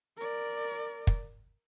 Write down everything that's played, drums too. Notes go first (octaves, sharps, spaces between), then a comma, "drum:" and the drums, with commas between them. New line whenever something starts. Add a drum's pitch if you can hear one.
A#4 D5
drum: kick